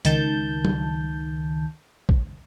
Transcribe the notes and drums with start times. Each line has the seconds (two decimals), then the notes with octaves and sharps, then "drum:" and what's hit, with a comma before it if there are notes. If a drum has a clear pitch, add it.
0.05 C#2 D#3 A5 G6, drum: hi-hat
0.65 drum: tom F#3
2.09 drum: kick